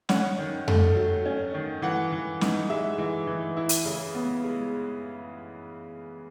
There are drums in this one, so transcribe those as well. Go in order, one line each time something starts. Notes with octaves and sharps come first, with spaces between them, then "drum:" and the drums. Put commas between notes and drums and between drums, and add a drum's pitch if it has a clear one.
C#4 F#5, drum: snare
D#3
A3, drum: tom F2
F#3
C#4
D#3
E3 F#5
E3
D#4, drum: snare
G#3 E5
E3
E3
E4
drum: hi-hat
C#3
B3
G#3